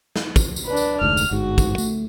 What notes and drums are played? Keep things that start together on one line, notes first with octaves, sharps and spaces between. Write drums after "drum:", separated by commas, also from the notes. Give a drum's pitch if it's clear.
drum: snare
drum: kick, tambourine
drum: tambourine
D4 B4
drum: tambourine
F1 D2 G#2 F6
drum: tambourine
G1 G#2 F#4
drum: kick, tambourine
A3, drum: tambourine